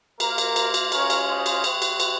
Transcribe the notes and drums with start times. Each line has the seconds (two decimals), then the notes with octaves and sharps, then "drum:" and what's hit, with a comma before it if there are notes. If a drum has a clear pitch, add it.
0.20 A#3 F4 A#4, drum: cymbal
0.38 drum: cymbal
0.56 drum: cymbal
0.74 drum: cymbal
0.92 G#3 C#4 F4 A#4 C#5, drum: cymbal
1.10 drum: cymbal
1.28 C5 D#5
1.46 drum: cymbal
1.64 G#3 C4 F#4, drum: cymbal
1.82 drum: cymbal
2.00 drum: cymbal